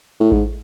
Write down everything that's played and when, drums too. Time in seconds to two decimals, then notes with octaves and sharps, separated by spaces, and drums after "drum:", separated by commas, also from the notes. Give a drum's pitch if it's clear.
0.20 A2
0.32 G#2, drum: kick A1